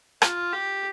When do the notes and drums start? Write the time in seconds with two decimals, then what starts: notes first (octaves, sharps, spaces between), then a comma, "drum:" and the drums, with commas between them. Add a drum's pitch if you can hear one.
0.22 F4, drum: rim click
0.52 G4